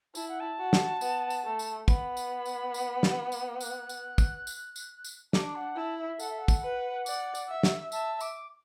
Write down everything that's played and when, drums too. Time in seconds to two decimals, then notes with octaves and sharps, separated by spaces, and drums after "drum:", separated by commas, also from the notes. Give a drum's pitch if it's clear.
0.15 E4 A5, drum: tambourine
0.28 F#5
0.39 A5
0.59 F#4
0.73 drum: snare
1.01 B3, drum: tambourine
1.30 drum: tambourine
1.45 A3
1.59 drum: tambourine
1.88 B3 B5, drum: kick, tambourine
2.17 drum: tambourine
2.45 drum: tambourine
2.74 drum: tambourine
3.03 drum: snare
3.32 drum: tambourine
3.60 F#6, drum: tambourine
3.89 drum: tambourine
4.18 drum: kick, tambourine
4.47 drum: tambourine
4.76 drum: tambourine
5.04 drum: tambourine
5.33 D4 D6, drum: snare
5.55 F#5
5.76 E4 A5
5.98 E5
6.19 A4 F#5, drum: tambourine
6.29 E5
6.38 F#5
6.48 drum: kick, tambourine
6.63 B4
7.06 D5, drum: tambourine
7.35 drum: tambourine
7.49 E5
7.63 drum: snare
7.92 E5 A5, drum: tambourine
8.20 D6, drum: tambourine